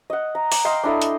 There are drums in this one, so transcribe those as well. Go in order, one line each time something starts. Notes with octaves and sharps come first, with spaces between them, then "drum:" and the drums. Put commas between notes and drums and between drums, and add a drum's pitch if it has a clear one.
D#5 F#5
A#5
D6, drum: open hi-hat
D#5 F5 G5 C6
D4 E4 A4 D#5
drum: hi-hat